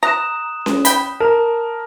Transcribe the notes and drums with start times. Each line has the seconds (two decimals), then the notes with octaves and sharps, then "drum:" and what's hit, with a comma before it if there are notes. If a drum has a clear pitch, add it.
0.03 A#5 D#6 F#6 E7
0.66 drum: snare C#4
0.85 G5 B5, drum: hi-hat
1.20 A#4 A5 A#5